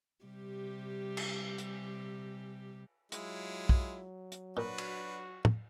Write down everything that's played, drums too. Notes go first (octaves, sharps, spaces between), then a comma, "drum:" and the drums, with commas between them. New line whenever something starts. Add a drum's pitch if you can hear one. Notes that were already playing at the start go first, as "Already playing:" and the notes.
C3 G3 G4
drum: cymbal
drum: hi-hat
F#3 G#3 E4 F4, drum: hi-hat
drum: kick
drum: hi-hat
A#2 D4 F#4 B4
drum: cymbal
drum: tom